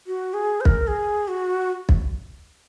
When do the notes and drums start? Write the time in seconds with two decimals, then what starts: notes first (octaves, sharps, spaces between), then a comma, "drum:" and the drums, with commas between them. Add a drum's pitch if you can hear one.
0.07 F#4
0.34 G#4
0.61 C5
0.65 A#4, drum: kick
0.87 G#4
1.28 F#4
1.89 drum: kick